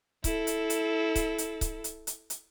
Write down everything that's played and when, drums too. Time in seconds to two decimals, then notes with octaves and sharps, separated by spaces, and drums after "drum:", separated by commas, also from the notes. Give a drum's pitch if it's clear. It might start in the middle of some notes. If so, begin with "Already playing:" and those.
0.24 E4 A4, drum: kick C#1, hi-hat
0.47 drum: hi-hat
0.70 drum: hi-hat
1.15 drum: kick C#1, hi-hat
1.38 drum: hi-hat
1.61 drum: kick C#1, hi-hat
1.84 drum: hi-hat
2.07 drum: hi-hat
2.30 drum: hi-hat